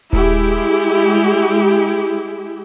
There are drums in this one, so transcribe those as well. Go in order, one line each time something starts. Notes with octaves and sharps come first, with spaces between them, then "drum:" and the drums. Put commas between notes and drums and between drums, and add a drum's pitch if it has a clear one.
G#3 E4 G4, drum: kick D#1